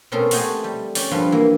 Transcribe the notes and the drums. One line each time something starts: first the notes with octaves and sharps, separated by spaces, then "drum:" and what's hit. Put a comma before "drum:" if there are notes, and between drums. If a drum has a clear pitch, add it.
B2 A3 C4 C#4 A#4 C6
A3 F#4 G4 C5 D#5 G#5, drum: open hi-hat
G3
C#4 G4 D5, drum: open hi-hat
G2 F3 F4 B4 C6
E3 A#3